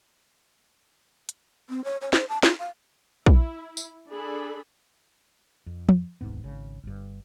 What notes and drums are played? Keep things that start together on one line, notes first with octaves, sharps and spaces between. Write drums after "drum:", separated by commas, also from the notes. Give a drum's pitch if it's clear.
drum: hi-hat
C4
C#5
C#5
C5, drum: snare
A5
F4, drum: snare
F5
E4, drum: kick
drum: tambourine
D4 G#4 A4 B5
F2
drum: tom
D#1 C2 G#2 B3
G#1 C#3
G1 G2